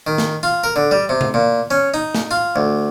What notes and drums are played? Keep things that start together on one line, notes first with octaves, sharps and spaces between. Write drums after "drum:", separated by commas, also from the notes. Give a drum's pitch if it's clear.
D#3
drum: snare
F4
A#4
D3
G3
C3
drum: tom C3
A#2
C#4
D#4
drum: snare
F4
D2